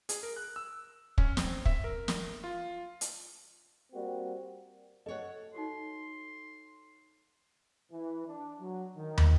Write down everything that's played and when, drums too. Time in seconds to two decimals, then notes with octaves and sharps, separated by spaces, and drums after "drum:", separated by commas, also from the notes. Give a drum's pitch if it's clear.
0.09 G#4, drum: hi-hat
0.23 A#4
0.36 F#6
0.56 E6
1.18 C#4, drum: kick
1.37 C4, drum: snare
1.65 E5, drum: kick
1.84 A#4
2.08 drum: snare
2.44 F4
3.01 drum: hi-hat
3.93 G3 A#3 C4 F#4
5.06 A4 C#5 D#5 F#5
5.54 D#4 F#4 G4 C6
7.92 E3
8.27 D4
8.60 F#3
8.96 D#3
9.18 drum: tom